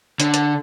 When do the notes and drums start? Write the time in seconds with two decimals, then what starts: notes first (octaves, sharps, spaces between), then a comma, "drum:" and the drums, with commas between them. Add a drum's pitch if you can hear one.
0.20 D3, drum: hi-hat
0.34 drum: hi-hat